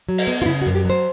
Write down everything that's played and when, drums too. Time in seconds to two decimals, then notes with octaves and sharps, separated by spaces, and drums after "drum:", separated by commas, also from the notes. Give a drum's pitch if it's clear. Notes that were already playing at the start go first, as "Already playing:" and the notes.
0.09 F#3
0.18 drum: cymbal
0.27 B3
0.42 F4
0.46 C#3 E4
0.62 F#4
0.66 F#2, drum: hi-hat
0.75 G4
0.85 F#3 C5